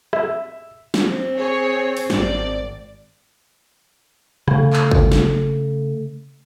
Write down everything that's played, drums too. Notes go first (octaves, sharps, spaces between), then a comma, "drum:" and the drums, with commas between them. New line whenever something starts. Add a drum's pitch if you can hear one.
E5, drum: rim click
drum: snare
C4
G#4 C#5
drum: open hi-hat
G#1 D5, drum: snare
C#3 A3, drum: rim click
drum: clap
drum: kick
drum: snare